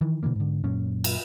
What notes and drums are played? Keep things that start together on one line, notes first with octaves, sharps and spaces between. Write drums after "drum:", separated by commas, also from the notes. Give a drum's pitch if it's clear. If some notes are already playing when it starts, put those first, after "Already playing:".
D#3 E3
B2 D3 E3 A#3
G#2 D3
F#2 A#2 C#4
drum: cymbal